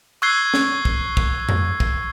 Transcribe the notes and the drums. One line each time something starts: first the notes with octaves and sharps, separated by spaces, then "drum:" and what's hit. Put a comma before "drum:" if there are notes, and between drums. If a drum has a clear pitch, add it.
C#6 E6 F#6 G#6 C7 G7
drum: snare
drum: kick
drum: kick
drum: tom F2
drum: kick